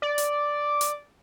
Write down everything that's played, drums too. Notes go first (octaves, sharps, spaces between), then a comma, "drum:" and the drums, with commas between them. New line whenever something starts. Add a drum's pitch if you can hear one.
D5
drum: hi-hat
drum: hi-hat